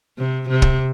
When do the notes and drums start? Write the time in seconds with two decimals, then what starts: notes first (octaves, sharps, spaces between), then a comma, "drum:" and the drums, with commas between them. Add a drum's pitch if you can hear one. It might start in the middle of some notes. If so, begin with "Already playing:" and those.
0.19 C3
0.50 C3
0.62 drum: kick